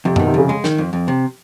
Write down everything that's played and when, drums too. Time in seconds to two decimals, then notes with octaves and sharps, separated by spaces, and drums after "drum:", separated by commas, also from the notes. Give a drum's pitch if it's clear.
0.05 F2 C3
0.16 B2 D#3, drum: tom F#2
0.27 C3
0.34 F2 C#3
0.49 G#3
0.64 D#3, drum: snare
0.78 F2
0.93 F2
1.08 C3